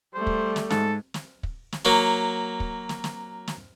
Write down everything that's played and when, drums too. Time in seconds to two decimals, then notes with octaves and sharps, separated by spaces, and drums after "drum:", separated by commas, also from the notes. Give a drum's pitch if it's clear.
0.15 G3 A3 C5
0.27 drum: kick
0.56 drum: snare
0.70 G#2 A4, drum: snare
1.14 drum: snare
1.43 drum: kick
1.72 drum: snare
1.85 F#3 A#3 F#4
2.60 drum: kick
2.89 drum: snare
3.04 drum: snare
3.48 drum: snare